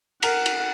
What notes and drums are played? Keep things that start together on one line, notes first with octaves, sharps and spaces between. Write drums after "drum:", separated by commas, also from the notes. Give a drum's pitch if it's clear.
A#4 F#5, drum: cymbal
drum: cymbal